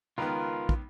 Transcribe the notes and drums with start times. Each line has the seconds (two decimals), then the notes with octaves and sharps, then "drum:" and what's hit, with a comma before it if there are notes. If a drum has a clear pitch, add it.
0.18 C#2 D#3 B3 F4 A#4 B4
0.69 drum: kick